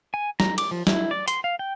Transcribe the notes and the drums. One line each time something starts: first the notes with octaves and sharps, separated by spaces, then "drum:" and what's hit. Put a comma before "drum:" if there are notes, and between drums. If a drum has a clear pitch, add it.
G#5
A#5, drum: snare
D6, drum: cymbal
F3
E4, drum: snare
D5
C6, drum: hi-hat
F5
G5